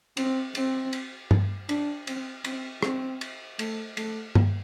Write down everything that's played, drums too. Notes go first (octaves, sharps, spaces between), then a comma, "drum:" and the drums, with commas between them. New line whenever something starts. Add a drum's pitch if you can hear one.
C4, drum: cymbal
C4, drum: cymbal
drum: cymbal
drum: tom G2
D4, drum: cymbal
C4, drum: cymbal
C4, drum: cymbal
C4, drum: rim click
drum: cymbal
A3, drum: cymbal
A3, drum: cymbal
drum: tom G2